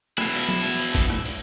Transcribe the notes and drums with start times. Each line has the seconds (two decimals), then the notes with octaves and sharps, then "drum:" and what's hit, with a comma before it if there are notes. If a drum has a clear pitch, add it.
0.18 B2 E4, drum: rim click
0.33 drum: open hi-hat
0.49 drum: tom F3
0.64 drum: hi-hat
0.79 drum: hi-hat
0.95 drum: kick G1, open hi-hat
1.10 drum: rim click
1.25 drum: open hi-hat